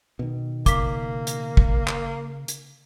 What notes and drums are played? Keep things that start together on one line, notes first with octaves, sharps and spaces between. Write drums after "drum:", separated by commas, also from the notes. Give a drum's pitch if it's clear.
B2 D#3
C#3 A#3 D6 B6, drum: kick, hi-hat
drum: hi-hat
drum: kick
drum: clap
drum: hi-hat